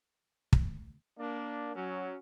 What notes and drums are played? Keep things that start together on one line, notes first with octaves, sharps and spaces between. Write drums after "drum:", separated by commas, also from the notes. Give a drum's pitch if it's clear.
drum: kick
A#3 D4
F#3 C#4